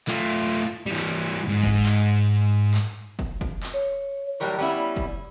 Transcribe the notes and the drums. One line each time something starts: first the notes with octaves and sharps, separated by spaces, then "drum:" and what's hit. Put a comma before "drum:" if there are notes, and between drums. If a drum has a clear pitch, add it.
A3 F4, drum: clap
E3 G3
drum: clap
G#2
drum: kick
drum: clap
drum: clap
drum: kick
drum: kick
drum: clap
C#5
A2 F#3 G3 A#4 C#5
G3 B3 C#4 E4
drum: kick